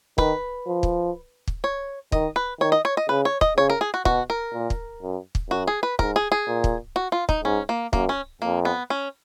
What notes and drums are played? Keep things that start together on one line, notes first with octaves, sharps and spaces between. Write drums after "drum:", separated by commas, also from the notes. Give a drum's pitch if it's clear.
D#3 B4, drum: kick
F3
drum: kick
drum: kick
C#5
D#3 D#5, drum: kick
B4
D#3 C#5
D#5
C#5
D#5
C#3 B4
C#5
D#5, drum: kick
C#3 C#5
A#4
G#4
F#4
B2 F#4, drum: kick
A#4
A#2
drum: kick
F#2
drum: kick
F#2 F#4
G#4
B4
G#2 A#4, drum: kick
G#4
G#4
A#2
drum: kick
F#4
F4
D#4, drum: kick
G#2 C#4
A#3
F#2 A#3, drum: kick
C#4
F2 A#3
B3
C#4